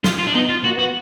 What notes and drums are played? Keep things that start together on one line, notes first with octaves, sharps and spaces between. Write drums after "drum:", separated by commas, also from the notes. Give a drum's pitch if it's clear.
F4, drum: snare
F4
D4
B3 D#4
F4
A#3 F#4
B3 F#4